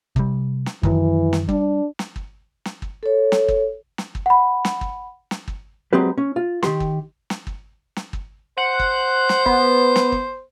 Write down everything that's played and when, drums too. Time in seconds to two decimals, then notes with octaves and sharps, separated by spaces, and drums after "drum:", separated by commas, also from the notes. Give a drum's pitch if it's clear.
0.16 C3 G3, drum: kick
0.66 drum: snare
0.83 F#2 D#3 E3 F#3, drum: kick
1.33 drum: snare
1.49 G3 D4, drum: kick
1.99 drum: snare
2.16 drum: kick
2.65 drum: snare
2.82 drum: kick
3.03 A4 C#5
3.32 drum: snare
3.48 drum: kick
3.98 drum: snare
4.15 drum: kick
4.26 F#5 B5
4.65 drum: snare
4.81 drum: kick
5.31 drum: snare
5.48 drum: kick
5.93 F#3 G#3 C4 G4 B4
6.18 C#4
6.36 F4
6.63 D#3 G4 C6, drum: snare
6.80 drum: kick
7.30 drum: snare
7.47 drum: kick
7.96 drum: snare
8.13 drum: kick
8.57 C5 F#5
8.79 drum: kick
9.29 drum: snare
9.46 B3, drum: kick
9.96 drum: snare
10.12 drum: kick